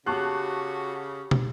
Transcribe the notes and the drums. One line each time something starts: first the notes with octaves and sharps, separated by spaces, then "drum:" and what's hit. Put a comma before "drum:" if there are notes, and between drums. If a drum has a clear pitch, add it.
C#3 F#4 G4 A5 C#6 F#6
drum: tom